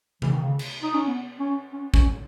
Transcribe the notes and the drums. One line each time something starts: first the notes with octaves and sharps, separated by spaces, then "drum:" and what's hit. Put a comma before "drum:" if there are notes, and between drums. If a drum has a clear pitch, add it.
E3, drum: tom C3
D#3
C#3
drum: cymbal
D#4
C#4
B3
C#4
C#4
C#4, drum: kick